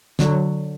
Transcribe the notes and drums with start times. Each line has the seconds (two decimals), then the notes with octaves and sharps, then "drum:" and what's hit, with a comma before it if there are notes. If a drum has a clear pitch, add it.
0.19 D3 F#3, drum: snare